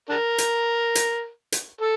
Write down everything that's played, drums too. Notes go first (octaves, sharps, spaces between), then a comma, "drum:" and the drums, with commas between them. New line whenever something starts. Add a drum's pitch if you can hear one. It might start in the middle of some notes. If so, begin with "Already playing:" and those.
D4 A#4
drum: hi-hat
drum: hi-hat
drum: hi-hat
A4